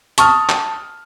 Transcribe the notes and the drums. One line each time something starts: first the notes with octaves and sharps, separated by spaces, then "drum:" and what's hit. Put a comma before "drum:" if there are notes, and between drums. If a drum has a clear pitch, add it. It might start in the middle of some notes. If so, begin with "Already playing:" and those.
A5 C#6 D#6 F6, drum: hi-hat
drum: clap